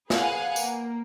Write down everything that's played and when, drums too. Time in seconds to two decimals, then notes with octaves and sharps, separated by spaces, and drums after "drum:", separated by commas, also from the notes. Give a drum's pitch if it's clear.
0.10 G#4 B4 F5 F#5 G#5, drum: snare
0.56 A#3, drum: tambourine